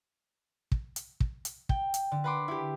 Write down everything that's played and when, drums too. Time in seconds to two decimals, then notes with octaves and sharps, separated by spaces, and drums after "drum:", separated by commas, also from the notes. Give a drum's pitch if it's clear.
0.72 drum: kick
0.96 drum: hi-hat
1.20 drum: kick
1.45 drum: hi-hat
1.69 G5, drum: kick
1.94 drum: hi-hat
2.11 D3
2.24 B4 F#5 B5 C6 D6
2.48 E4 G4